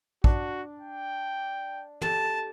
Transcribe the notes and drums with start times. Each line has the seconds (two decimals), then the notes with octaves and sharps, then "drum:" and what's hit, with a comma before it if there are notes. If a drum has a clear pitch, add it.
0.24 D4 F#4, drum: kick
0.80 G5
2.02 G4 A4 A5, drum: tom